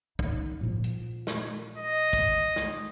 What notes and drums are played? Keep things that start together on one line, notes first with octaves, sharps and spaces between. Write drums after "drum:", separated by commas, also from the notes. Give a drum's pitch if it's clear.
D#4, drum: kick
A#2 F3
drum: hi-hat
drum: snare
D#5
drum: kick, hi-hat
drum: snare